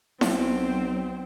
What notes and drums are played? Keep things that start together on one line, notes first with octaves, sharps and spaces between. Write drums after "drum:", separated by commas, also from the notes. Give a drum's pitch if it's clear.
B1 F#3 C4, drum: snare E4